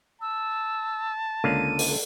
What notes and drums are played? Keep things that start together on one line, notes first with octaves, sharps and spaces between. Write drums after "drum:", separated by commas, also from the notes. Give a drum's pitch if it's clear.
A5 E6
C#2 D3 A#3 D#7
drum: open hi-hat